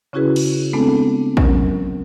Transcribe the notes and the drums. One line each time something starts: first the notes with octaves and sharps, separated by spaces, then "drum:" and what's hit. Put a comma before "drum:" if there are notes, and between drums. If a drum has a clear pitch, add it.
C#3 C#4 E4 F#4 G#4 B4
drum: cymbal
G#3 A3 B3 C4 D4 A4
F#3 C#4 A#4, drum: kick